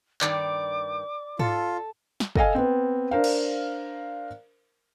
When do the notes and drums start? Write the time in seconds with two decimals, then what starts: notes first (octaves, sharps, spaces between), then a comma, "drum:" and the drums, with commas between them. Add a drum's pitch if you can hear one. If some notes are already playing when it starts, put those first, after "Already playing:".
0.21 G2 D#3 D5 D6, drum: clap
1.39 F4 A4, drum: tom G#2
2.20 drum: snare
2.36 A4 D#5 F5 G#5, drum: kick
2.55 B3 C4
3.11 D4 A#4 C5 F5
3.24 drum: cymbal